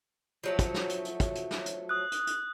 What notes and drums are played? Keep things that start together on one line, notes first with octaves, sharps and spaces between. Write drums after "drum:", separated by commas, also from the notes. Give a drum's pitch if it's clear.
F3 F#3 A3
drum: kick, hi-hat
drum: snare
drum: hi-hat
drum: hi-hat
drum: kick, hi-hat
drum: hi-hat
drum: snare
drum: hi-hat
D#6 F#6
drum: hi-hat
drum: hi-hat